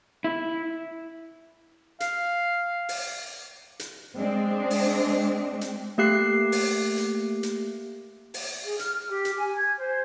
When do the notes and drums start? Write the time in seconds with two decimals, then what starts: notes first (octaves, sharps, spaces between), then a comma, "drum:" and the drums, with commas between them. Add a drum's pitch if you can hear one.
0.24 E4
2.00 F5, drum: hi-hat
2.89 drum: open hi-hat
3.79 drum: hi-hat
4.17 G#3 C4 D4
4.70 drum: open hi-hat
5.61 drum: hi-hat
5.98 A3 A#3 G4 F#6 C7
6.52 drum: open hi-hat
6.98 drum: hi-hat
7.43 drum: hi-hat
8.34 drum: open hi-hat
8.64 G#4
8.79 F6, drum: hi-hat
9.10 G4
9.25 drum: hi-hat
9.38 G#5
9.56 G#6
9.78 C5